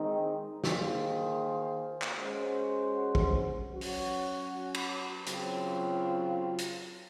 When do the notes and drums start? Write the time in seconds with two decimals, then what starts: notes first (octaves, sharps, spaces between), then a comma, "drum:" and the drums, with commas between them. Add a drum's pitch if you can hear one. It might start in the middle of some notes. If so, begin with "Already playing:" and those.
Already playing: D#3 G#3 C4 D#4
0.64 D#3 A#3 F4 G#4 C5, drum: snare
2.02 drum: clap
2.18 G#3 C#4 F#4 C5
3.15 drum: kick
3.72 F#3 C#4 F#4
3.81 drum: open hi-hat
4.74 drum: cymbal
5.26 C#3 F#3 C4 F4, drum: hi-hat
6.58 drum: hi-hat